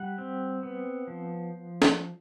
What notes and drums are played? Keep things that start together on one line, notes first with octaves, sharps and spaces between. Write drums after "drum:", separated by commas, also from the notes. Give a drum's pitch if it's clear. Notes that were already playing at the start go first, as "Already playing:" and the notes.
Already playing: G3 F#5
C4
B3
F3
drum: snare